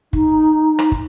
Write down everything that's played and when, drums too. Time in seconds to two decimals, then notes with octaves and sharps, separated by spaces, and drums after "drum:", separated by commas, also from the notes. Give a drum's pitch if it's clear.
0.13 D#4, drum: kick
0.79 drum: rim click
0.92 drum: kick